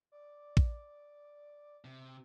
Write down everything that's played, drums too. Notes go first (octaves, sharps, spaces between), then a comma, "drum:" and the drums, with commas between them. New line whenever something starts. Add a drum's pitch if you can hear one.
D5
drum: kick
C3